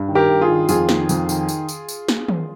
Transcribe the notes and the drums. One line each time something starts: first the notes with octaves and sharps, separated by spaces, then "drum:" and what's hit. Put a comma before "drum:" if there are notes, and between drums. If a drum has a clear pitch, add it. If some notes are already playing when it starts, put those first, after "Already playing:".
Already playing: G2
D#3
G4 A#4
G2
F4 G#4
D#3
F2 F4 G#4, drum: tambourine
D#3, drum: snare
F2, drum: tambourine
D#3, drum: tambourine
drum: tambourine
drum: tambourine
drum: tambourine
drum: snare
drum: tom D#3